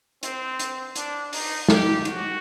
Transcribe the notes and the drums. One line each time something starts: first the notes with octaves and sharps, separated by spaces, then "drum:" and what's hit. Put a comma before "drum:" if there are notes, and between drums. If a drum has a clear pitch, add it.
C4, drum: hi-hat
drum: hi-hat
D4, drum: hi-hat
D#4, drum: open hi-hat
G4, drum: snare
F#4, drum: hi-hat